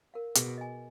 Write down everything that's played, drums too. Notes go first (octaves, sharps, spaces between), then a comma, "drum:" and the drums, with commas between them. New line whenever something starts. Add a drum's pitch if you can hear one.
A#4 F5
B2 G#4, drum: hi-hat
D#5 G#5